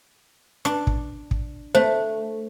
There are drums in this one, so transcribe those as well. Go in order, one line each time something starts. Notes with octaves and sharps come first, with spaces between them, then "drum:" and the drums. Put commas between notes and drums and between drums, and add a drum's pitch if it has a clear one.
D4, drum: rim click
drum: kick
drum: kick
A3 C5